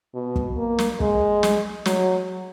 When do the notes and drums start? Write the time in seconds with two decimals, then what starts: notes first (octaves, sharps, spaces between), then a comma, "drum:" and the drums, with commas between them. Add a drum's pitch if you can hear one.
0.14 B2
0.36 drum: kick
0.57 A#3
0.78 drum: snare
1.00 G#3, drum: kick
1.43 drum: snare
1.85 F#3, drum: snare